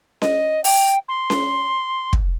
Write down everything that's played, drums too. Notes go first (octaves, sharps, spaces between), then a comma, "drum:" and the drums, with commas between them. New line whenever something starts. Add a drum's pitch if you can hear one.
D#5, drum: snare C#4
G5, drum: open hi-hat
C6
drum: snare C#4
drum: kick